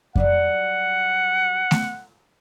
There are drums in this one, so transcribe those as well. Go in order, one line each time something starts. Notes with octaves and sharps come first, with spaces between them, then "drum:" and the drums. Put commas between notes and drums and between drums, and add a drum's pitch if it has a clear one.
F#3 G3 D5 F#5, drum: kick F2
drum: snare A3